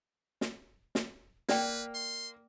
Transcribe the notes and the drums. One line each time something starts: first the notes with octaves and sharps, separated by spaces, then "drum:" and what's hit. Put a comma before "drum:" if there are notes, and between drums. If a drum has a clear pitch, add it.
drum: snare
drum: snare
A#3 B4 D5 G5, drum: snare
C6